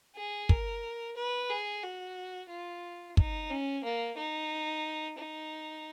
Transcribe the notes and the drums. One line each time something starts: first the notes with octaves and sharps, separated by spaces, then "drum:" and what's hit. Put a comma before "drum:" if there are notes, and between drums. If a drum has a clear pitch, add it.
G#4
A#4, drum: kick
B4
G#4
F#4
F4
D#4, drum: kick
C#4
A#3
D#4
D#4